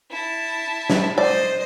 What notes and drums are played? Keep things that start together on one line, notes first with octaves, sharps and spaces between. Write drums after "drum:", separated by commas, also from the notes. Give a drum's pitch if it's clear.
E4 A5
drum: snare
C5 D5 D#5